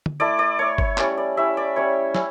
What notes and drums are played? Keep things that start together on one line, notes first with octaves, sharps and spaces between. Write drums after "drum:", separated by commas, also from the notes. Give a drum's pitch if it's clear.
drum: tom
A3 E4 D5
D5
A3 E4 C#5
C#5, drum: kick
G3 C#4 E4 D5, drum: clap
D5
G3 C#4 E4 E5
D5
G3 C#4 E4 C#5
C#4 E4, drum: snare